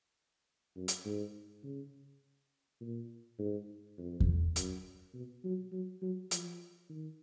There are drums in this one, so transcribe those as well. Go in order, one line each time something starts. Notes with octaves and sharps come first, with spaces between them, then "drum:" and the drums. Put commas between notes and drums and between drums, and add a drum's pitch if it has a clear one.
F#2
drum: hi-hat
G#2
C#3
A#2
G#2
F2
drum: kick E2
F#2, drum: hi-hat
B2
F#3
F#3
F#3
F3, drum: hi-hat
D#3